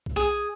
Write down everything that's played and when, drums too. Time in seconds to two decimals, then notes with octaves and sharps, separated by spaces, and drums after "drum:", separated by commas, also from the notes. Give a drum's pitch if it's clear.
0.06 drum: kick B1
0.16 G#4